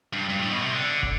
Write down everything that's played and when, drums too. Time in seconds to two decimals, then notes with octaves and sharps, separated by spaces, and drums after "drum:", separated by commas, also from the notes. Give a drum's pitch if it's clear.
0.13 G2
0.29 G2
0.40 A2
0.50 B2
0.62 C3
0.73 D3
1.03 drum: kick